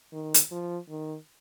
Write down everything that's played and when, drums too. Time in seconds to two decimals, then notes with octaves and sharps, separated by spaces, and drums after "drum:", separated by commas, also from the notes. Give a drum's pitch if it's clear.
0.12 D#3
0.34 drum: hi-hat
0.51 F3
0.89 D#3